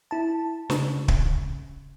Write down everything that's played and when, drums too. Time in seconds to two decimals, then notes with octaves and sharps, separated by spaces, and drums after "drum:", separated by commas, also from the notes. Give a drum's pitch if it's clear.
0.11 E4 A5
0.70 C#3, drum: snare
1.08 drum: kick